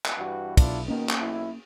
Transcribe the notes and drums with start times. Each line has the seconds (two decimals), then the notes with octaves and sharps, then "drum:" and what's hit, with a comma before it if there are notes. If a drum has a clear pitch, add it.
0.06 drum: clap
0.18 G2 E3 F#4
0.57 B1 B2 D4 E4 F4, drum: kick, cymbal
0.88 B2 D#3 A#3 C#4
1.09 drum: clap
1.20 B1 E4